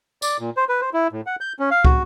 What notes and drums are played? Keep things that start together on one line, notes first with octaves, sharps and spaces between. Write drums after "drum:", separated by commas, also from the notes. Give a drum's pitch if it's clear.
D5, drum: tambourine
A#2
C5
B4
C5
E4
A2
F#5
G6
C#4
F5
F#4, drum: kick